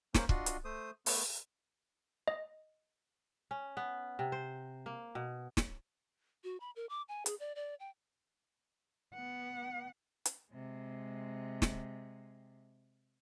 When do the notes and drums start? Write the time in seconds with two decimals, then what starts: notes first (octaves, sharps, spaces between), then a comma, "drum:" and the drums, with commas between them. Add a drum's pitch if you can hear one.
0.15 A#3 C#4 C5, drum: snare
0.29 D4 F4 F#4 D#5 C6, drum: kick
0.46 drum: hi-hat
0.65 A3 C5 D#6
1.06 A3 B3, drum: open hi-hat
2.28 D#5
3.51 C#4
3.77 B3
4.19 C3
4.32 C5
4.86 A#3
5.15 B2
5.57 drum: snare
6.44 F#4
6.60 B5
6.76 A#4
6.89 D6
7.09 G#5
7.26 G#4, drum: hi-hat
7.40 D5
7.56 D5
7.80 G5
9.14 B3 F#5
10.26 drum: hi-hat
10.50 C3 G#3
11.62 drum: snare